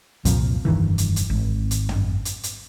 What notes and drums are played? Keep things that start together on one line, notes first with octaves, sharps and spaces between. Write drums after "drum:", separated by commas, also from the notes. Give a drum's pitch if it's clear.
C2 F2 A#2 F3, drum: hi-hat
F1 G2 D#3 E3
drum: hi-hat
drum: hi-hat
G#1
drum: hi-hat
drum: tom
drum: hi-hat
drum: hi-hat